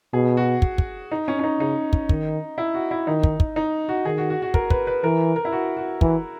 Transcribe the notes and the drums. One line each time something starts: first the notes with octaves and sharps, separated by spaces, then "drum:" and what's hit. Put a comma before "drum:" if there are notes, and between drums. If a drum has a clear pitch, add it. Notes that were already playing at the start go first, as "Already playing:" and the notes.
B2 G#4
F#4
drum: kick
drum: kick
D#4
C#4
C#4
D#4
C#3 D#4
drum: kick
D#3, drum: kick
E4
F#4
E4
D#3 D#4
drum: kick
drum: kick
D#4
F#4
D#3 G#4
F#4
F#4
F#4
A#4, drum: kick
B4, drum: kick
B4
E3 A#4
A#4
E4
F#4
F#4
E3, drum: kick